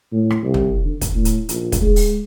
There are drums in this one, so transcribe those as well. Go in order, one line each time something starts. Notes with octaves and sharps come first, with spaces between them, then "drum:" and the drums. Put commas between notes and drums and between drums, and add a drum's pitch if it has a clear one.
A2
drum: rim click
C2
drum: tom
D3
drum: kick, hi-hat
A2
drum: hi-hat
A#1, drum: hi-hat
drum: kick, hi-hat
G#3
drum: open hi-hat